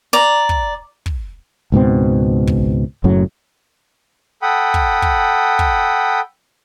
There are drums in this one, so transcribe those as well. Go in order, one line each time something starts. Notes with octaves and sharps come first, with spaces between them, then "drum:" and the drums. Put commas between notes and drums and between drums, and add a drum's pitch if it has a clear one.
D5 A#5
drum: kick
drum: kick
C#2 G#2 B2 C4
drum: kick
F#1 F#2 A2 F#3
A4 F#5 G5 B5 D#6
drum: kick
drum: kick
drum: kick